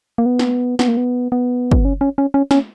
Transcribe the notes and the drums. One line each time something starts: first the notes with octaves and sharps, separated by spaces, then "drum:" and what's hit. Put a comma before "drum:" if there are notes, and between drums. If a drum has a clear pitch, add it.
A#3
B3
drum: snare
B3, drum: snare
A#3
B3
B3
drum: kick
C#4
C#4
C#4
C#4
C#4, drum: snare